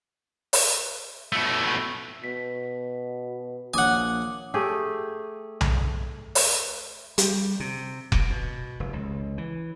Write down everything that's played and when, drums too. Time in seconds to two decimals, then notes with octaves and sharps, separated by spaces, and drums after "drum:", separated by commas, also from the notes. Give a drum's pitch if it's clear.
0.53 drum: open hi-hat
1.33 B2 A3
2.24 B2 B6
3.74 A#1 C#5 F#5 G#5 D6 D#6
4.54 A3 G4 G#4
5.61 drum: tom B1
6.35 drum: open hi-hat
7.18 G3, drum: hi-hat
7.60 C3
8.12 B2, drum: kick F1
8.30 B2
8.80 F1
8.93 C#2
9.38 E3